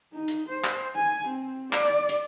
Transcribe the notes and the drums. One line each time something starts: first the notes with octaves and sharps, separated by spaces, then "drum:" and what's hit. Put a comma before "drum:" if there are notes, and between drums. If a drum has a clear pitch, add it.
D#4
drum: hi-hat
C5
drum: clap
G#5
C4
D5, drum: clap
drum: hi-hat